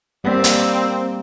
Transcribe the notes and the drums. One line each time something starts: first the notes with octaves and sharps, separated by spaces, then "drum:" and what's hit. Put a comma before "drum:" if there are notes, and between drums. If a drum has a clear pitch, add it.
G3 A#3 C4 D5
drum: hi-hat